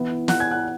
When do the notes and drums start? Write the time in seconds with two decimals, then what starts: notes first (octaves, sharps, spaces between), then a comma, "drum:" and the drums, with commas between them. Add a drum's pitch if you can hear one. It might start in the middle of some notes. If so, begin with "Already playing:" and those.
Already playing: E3 B3 E4
0.28 F#5 F#6, drum: snare
0.40 G#5 G#6
0.51 F#5 F#6